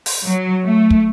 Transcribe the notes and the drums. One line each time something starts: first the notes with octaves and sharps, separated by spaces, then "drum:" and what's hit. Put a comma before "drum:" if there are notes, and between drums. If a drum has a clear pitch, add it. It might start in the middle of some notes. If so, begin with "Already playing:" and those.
drum: open hi-hat
F#3
A3
drum: kick